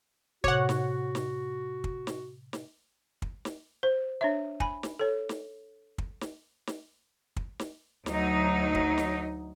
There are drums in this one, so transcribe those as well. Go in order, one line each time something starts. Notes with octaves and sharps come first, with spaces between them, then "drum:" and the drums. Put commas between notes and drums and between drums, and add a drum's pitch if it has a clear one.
A2 C3 F#4 C#5 F#5 D6, drum: kick
drum: snare
drum: snare
drum: kick
drum: snare
drum: snare
drum: kick
drum: snare
C5
D4 C#5 E5
G#5 B5, drum: kick
drum: snare
A4 C#5
drum: snare
drum: kick
drum: snare
drum: snare
drum: kick
drum: snare
D2 F#3 D#4, drum: snare
drum: kick
drum: snare